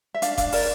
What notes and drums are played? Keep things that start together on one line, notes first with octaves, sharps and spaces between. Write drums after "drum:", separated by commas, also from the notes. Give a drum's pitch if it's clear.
E5
D4 F5, drum: hi-hat
D4 F5, drum: kick F1, hi-hat
A#4 D5, drum: open hi-hat